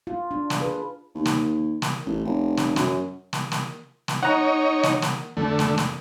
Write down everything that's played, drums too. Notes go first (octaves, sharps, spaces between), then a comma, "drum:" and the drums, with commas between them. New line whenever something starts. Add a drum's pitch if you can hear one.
F4
D4
drum: snare
G#4 B4
D#2
drum: snare
drum: snare
A1
F1
drum: snare
F#2, drum: snare
drum: snare
drum: snare
drum: snare
D#4 C#5 F#5 A#5
drum: snare
drum: snare
F2 D3 A3
drum: snare
drum: snare